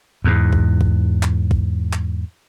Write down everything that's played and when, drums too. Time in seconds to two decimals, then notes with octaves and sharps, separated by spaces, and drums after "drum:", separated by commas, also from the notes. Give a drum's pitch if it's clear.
0.24 E2 G#2
0.53 drum: kick
0.81 drum: kick
1.23 drum: clap
1.51 drum: kick
1.93 drum: clap